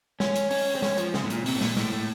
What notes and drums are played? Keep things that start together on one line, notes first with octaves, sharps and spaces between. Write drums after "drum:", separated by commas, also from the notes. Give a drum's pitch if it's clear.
C#4, drum: snare
drum: hi-hat
C#4, drum: open hi-hat
C4
C#4, drum: snare
F3, drum: hi-hat
C#3, drum: snare
A2
A#2, drum: hi-hat
C3, drum: open hi-hat
A2
A#2, drum: snare
A2, drum: snare
A2